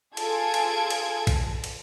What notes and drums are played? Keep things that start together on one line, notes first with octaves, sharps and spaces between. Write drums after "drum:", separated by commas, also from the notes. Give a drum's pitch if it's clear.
F4 G#4 A4 G#6 D7, drum: cymbal
drum: cymbal
drum: cymbal
drum: kick A1, cymbal
drum: cymbal